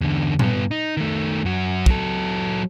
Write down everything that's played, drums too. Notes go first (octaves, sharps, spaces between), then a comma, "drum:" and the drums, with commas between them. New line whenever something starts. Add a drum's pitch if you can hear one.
E2 D3
G2 B3, drum: tom A#2
D#4
D#3 A3
F#2 F#4
F#3 A4, drum: kick